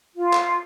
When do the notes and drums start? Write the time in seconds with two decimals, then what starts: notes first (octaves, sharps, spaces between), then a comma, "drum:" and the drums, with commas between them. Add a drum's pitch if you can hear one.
0.15 F4
0.33 drum: clap